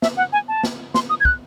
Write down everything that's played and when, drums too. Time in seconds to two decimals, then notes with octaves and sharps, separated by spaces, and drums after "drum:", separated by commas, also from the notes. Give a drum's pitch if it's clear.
0.02 E5, drum: snare
0.17 F#5
0.33 G#5
0.48 A5
0.64 drum: snare
0.94 C6, drum: snare
1.09 D#6
1.20 G#6
1.25 F#6, drum: kick